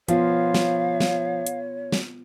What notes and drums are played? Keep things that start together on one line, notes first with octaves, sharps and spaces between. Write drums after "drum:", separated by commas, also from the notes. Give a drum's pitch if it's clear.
F3 B3 F4 C#5 F5, drum: hi-hat
drum: snare
drum: snare
drum: hi-hat
drum: snare